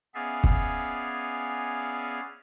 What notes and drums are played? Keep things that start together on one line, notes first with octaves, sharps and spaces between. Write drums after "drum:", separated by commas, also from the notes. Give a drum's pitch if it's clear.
B3 C#4 G#4 D5 E5 F5
drum: kick